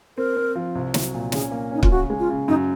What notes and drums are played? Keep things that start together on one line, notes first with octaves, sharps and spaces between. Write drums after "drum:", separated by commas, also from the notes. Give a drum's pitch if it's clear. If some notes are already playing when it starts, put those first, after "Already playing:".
C4 A#4
C4
F3
C2
F#3, drum: snare
A#2
C#4 G#4, drum: snare
A#3
C#4 D#4
F4, drum: kick
C#3 F#4
G#3
F4
C#3
F#2 D#4